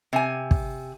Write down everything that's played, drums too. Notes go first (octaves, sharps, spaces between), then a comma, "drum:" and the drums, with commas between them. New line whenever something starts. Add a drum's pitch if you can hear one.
C3 G#5
drum: kick